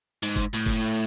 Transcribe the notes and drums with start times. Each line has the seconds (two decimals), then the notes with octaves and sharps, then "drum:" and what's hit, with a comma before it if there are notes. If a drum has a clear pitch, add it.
0.23 G#2
0.36 drum: kick F#1
0.53 A2
0.66 drum: kick F#1